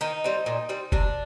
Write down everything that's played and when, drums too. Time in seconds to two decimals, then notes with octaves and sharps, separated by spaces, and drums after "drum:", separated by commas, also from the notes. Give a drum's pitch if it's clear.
0.01 D#3 D#4
0.24 G3 C4
0.46 A#2
0.69 G3 C4
0.92 C3 D4, drum: kick